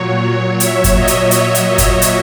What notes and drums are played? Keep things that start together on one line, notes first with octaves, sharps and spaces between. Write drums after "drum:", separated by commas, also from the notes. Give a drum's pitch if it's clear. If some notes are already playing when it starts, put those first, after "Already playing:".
Already playing: A#2 F#3 C#5
E5, drum: hi-hat
drum: kick, hi-hat
D#5
drum: hi-hat
E5, drum: hi-hat
drum: hi-hat
drum: kick, hi-hat
drum: hi-hat